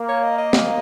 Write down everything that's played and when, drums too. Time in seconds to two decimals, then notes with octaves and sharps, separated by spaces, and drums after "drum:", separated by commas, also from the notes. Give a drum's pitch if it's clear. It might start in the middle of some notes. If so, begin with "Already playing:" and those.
Already playing: A#3
0.08 C#5
0.23 D#5
0.38 D#5
0.53 drum: snare